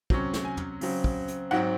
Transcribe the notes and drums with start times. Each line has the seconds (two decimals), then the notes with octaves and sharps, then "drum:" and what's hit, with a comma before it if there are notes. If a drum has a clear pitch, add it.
0.10 C3 F#3 C#4, drum: kick
0.34 drum: snare
0.45 G#5
0.57 drum: tom
0.81 C#3 F#3 C4, drum: open hi-hat
1.04 drum: kick
1.28 drum: hi-hat
1.51 G#2 F#3 C4 F#5